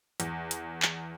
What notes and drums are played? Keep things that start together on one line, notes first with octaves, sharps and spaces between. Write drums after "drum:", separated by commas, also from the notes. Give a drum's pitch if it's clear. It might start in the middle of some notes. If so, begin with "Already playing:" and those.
E2, drum: hi-hat
drum: hi-hat
drum: clap